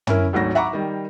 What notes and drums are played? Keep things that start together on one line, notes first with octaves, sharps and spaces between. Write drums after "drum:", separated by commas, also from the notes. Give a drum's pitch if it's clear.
C#4 E4 A#4, drum: tom
G#1 D2 F#3 A#6
E5 F#5 A#5 B5 C#6 D6
D#3 G3